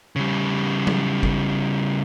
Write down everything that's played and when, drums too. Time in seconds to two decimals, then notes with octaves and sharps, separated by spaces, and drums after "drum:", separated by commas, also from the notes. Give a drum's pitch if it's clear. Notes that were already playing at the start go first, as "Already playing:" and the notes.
0.16 C#3 G3
0.87 drum: tom F#3
1.23 drum: kick